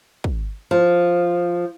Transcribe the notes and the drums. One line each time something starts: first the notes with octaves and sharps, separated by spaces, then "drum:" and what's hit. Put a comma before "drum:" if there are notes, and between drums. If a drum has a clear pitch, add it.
drum: kick
F3